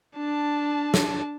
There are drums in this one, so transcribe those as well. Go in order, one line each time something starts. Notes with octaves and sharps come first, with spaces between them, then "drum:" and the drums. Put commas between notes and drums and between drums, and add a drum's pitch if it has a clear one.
D4 A5
drum: snare